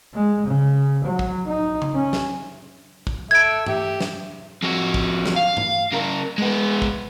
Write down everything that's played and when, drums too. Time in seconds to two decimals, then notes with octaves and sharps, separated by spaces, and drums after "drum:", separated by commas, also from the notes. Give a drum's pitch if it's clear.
0.13 G#3
0.46 C#3
1.04 F#3
1.19 drum: kick
1.46 D#4
1.82 drum: tom C#3
1.95 C#4
2.13 drum: snare
3.07 drum: kick
3.31 A4 E5 G#6 D7
3.66 G4 E5, drum: tom
4.01 drum: snare
4.63 F2 F#4
4.94 drum: kick
5.26 drum: snare
5.36 F5
5.57 drum: tom
5.93 C#3 A#4
6.38 G#3 B3
6.82 drum: kick